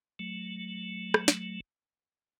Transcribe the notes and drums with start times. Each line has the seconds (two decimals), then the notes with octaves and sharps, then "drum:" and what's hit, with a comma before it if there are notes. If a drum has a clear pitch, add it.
0.19 F#3 A3
1.14 drum: rim click
1.28 drum: snare